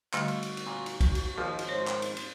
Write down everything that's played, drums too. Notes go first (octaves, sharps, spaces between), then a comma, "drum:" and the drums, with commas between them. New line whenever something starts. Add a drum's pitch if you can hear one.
D3 G3 A3 F#4, drum: clap
drum: cymbal
drum: cymbal
drum: cymbal
A#2
drum: cymbal
drum: kick, cymbal
drum: cymbal
G#1 D#2 F3
drum: cymbal
G#2 C5 C#5
drum: clap
drum: cymbal
drum: cymbal